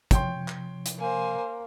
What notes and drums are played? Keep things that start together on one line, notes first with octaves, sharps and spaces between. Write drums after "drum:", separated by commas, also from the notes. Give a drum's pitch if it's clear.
C3 F3 C#5 G5 C6, drum: kick, hi-hat
drum: clap
drum: hi-hat
A#3 C5 G#5